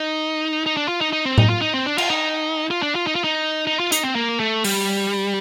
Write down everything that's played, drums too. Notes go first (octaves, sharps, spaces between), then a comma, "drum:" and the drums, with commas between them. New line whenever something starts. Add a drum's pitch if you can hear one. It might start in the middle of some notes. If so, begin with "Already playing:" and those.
Already playing: D#4
D#4
D4
F4
D#4
D#4
C4
D#4, drum: tom A2
F4
D#4
C4
D4
F4, drum: cymbal
D#4
F4
D4
F4
D#4
F4
D#4
D#4
F4
D#4, drum: hi-hat
C4
A#3
A3
G3, drum: open hi-hat